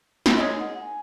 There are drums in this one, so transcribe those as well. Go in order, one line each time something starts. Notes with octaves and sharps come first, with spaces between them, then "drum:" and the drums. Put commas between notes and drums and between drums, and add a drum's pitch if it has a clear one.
drum: snare
D#3 G#3 D#4 G#4 C#5
F#5
G#5